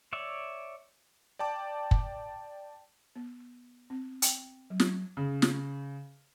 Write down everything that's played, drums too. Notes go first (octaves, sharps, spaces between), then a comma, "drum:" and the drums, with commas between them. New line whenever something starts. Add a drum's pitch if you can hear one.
C#5 D5 E5
D5 G5 A5 D6
drum: kick
B3
C4
G5, drum: hi-hat
F#3
drum: snare
C#3
drum: snare